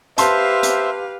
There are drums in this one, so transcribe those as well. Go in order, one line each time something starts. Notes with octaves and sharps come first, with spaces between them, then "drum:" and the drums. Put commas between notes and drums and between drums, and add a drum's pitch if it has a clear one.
G4 B4 C5 E5 F5 A5 C6, drum: hi-hat
drum: hi-hat